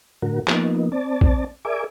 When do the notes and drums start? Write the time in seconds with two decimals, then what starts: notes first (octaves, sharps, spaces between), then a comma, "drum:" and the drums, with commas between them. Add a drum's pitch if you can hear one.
0.22 A2 D3 F#4 A#4
0.48 F3 A#3 B3 D#4, drum: clap
0.92 C4 D5 A5
1.21 drum: kick
1.65 G#4 A#4 D5 E5 G#5 D6